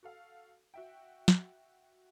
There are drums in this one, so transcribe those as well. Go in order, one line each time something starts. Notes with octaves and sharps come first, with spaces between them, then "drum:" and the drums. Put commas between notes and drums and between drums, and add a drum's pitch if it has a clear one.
F#4 A4 F5
F#4 E5 G5
drum: snare